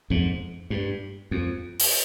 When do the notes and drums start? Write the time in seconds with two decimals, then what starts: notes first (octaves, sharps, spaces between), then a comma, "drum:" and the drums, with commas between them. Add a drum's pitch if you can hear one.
0.10 F2 G#2
0.70 G2
1.31 F2
1.80 drum: open hi-hat